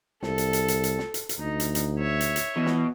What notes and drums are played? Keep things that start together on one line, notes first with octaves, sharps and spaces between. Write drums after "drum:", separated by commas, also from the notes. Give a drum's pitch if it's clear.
C2 A4, drum: snare
drum: hi-hat
drum: hi-hat
drum: hi-hat
drum: hi-hat
drum: snare
drum: hi-hat
drum: hi-hat
D2 D#4
drum: hi-hat
drum: hi-hat
C#5 E5
drum: hi-hat
drum: hi-hat
B2 E3
drum: snare